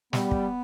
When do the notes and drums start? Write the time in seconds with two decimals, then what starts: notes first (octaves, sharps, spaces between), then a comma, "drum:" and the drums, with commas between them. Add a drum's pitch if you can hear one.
0.13 G3 B3, drum: snare
0.31 drum: kick